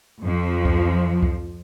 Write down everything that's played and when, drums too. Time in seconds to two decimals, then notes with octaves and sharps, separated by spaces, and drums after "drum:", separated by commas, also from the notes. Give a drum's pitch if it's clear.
0.22 F2 F3
0.65 drum: kick C#2
1.23 drum: kick C#2